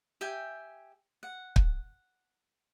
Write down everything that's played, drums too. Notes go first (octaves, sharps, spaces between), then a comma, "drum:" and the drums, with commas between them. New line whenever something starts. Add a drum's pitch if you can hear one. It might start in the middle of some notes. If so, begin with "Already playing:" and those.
G4 E5 G5 G#5
F#5
drum: kick